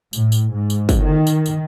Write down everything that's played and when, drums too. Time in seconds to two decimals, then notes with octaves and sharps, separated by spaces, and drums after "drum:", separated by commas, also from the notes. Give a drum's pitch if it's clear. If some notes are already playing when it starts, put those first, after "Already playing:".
0.13 A2, drum: tambourine
0.32 drum: tambourine
0.54 G#2
0.70 drum: tambourine
0.89 drum: kick, tambourine
1.04 D#3
1.27 drum: tambourine
1.46 drum: tambourine